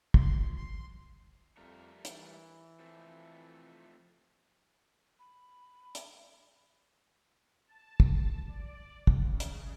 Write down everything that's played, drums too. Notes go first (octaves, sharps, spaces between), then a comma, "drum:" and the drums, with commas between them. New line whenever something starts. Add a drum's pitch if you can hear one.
F3 C6, drum: kick
C6
F2 G3 A3 A#4
E3, drum: hi-hat
F3 A3 C4
B5
drum: hi-hat
A5
drum: kick
D5
drum: kick
C#3
drum: hi-hat